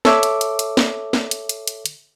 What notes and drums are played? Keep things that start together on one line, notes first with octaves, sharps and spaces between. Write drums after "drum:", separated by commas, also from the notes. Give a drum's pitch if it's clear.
A4 C#5 E5 D6, drum: snare
drum: hi-hat
drum: hi-hat
drum: hi-hat
drum: snare
drum: snare
drum: hi-hat
drum: hi-hat
drum: hi-hat
drum: hi-hat